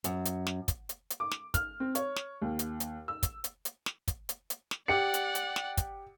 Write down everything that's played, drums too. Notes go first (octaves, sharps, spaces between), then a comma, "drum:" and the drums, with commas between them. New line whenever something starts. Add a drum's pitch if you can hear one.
F#2, drum: hi-hat
drum: hi-hat
drum: snare
drum: kick, hi-hat
drum: hi-hat
drum: hi-hat
D6
drum: snare
F6, drum: kick, hi-hat
C4
C#5, drum: hi-hat
drum: snare
D#2
drum: hi-hat
drum: hi-hat
E6
drum: kick, hi-hat
drum: hi-hat
drum: hi-hat
drum: snare
drum: kick, hi-hat
drum: hi-hat
drum: hi-hat
drum: snare
G4 D5 F#5 C#7
drum: hi-hat
drum: hi-hat
drum: snare
drum: kick, hi-hat